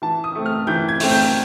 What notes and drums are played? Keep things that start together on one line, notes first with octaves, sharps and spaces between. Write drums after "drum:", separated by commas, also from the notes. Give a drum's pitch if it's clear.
E3 A5
D#6
A3 C4
F6
E3 G6
G#6
A3 C4, drum: open hi-hat
G6